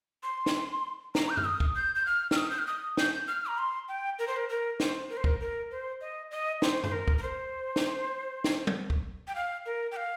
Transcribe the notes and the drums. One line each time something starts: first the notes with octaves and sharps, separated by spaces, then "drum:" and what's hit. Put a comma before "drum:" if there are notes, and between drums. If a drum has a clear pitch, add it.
C6
drum: snare
A#5, drum: snare
G6
F6, drum: tom F#2
D#6
drum: kick
G6
G6
F6
F6, drum: snare
D#6
G6
F6
D#6
G6, drum: snare
F6
A#5
C6
G5
A#4
C5
A#4
A#4
C5, drum: snare
A#4
C5
A#4, drum: kick
A#4
C5
D#5
D#5
C5, drum: snare
C5, drum: tom F#2
A#4
drum: kick
A#4
C5
drum: snare
drum: snare
drum: tom
drum: kick
G5
F5
A#4
G5
F5